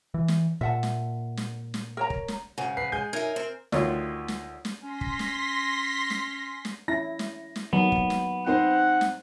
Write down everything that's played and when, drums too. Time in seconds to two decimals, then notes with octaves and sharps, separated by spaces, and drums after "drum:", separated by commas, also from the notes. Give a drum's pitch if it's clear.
0.14 E3
0.28 drum: snare
0.61 A#2 E5 F#5 A5
0.83 drum: snare
1.37 drum: snare
1.74 drum: snare
1.97 A#4 C#5 A#5
2.10 drum: kick
2.28 drum: snare
2.58 G#2 C#3 F#5
2.77 B4 C7
2.92 G#3 G#5 G6
3.13 F#2 D#4 A#4 E5 G#6
3.36 C4
3.72 D2 D#3 F4 C#5, drum: snare
4.28 drum: snare
4.65 drum: snare
4.83 C#4 C6 A#6 B6
5.01 drum: kick
5.19 drum: snare
6.10 drum: snare
6.65 drum: snare
6.88 C#4 E4 A#6
7.19 drum: snare
7.56 drum: snare
7.73 D#3 F#3 A#3 B3
7.92 drum: kick
8.10 drum: snare
8.46 C4 D#4 C5 F#5
9.01 drum: snare